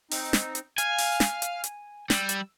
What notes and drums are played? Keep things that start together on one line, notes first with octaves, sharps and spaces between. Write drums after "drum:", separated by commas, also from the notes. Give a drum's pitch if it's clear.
C4 D#4, drum: open hi-hat
drum: snare
drum: hi-hat
F5 G#5 F6, drum: hi-hat
drum: open hi-hat
drum: snare
drum: hi-hat
drum: hi-hat
G3 E6, drum: snare
drum: hi-hat